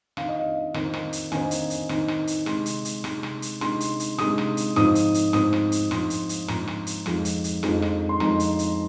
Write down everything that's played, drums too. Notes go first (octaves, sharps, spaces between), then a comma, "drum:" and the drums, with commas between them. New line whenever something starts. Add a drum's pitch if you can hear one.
D#3 C4 D#4 F5, drum: rim click
D#5
F5
D#3 C4 D#4, drum: rim click
drum: rim click
drum: hi-hat
D#3 C4 D#4 G#5, drum: rim click
drum: hi-hat
drum: hi-hat
D#3 C4 D#4, drum: rim click
drum: rim click
drum: hi-hat
C3 G#3 D#4 C6, drum: rim click
drum: hi-hat
drum: hi-hat
C3 G#3 D#4, drum: rim click
drum: rim click
drum: hi-hat
C3 G#3 D#4 C6, drum: rim click
drum: hi-hat
drum: hi-hat
C3 G#3 D#4 D#6, drum: rim click
drum: rim click
drum: hi-hat
G#2 F3 C4 D#4 D#6, drum: rim click
drum: hi-hat
drum: hi-hat
G#2 F3 C4 D#4 D#6, drum: rim click
drum: rim click
drum: hi-hat
G#2 F3 C4 D#4 C6, drum: rim click
drum: hi-hat
drum: hi-hat
G#2 F3 C4 D#4 A#5, drum: rim click
drum: rim click
drum: hi-hat
F2 F3 G#3 D#4, drum: rim click
drum: hi-hat
drum: hi-hat
F2 F3 G#3 D#4, drum: rim click
drum: rim click
C6
F2 F3 G#3 D#4 A#5, drum: rim click
drum: hi-hat
drum: hi-hat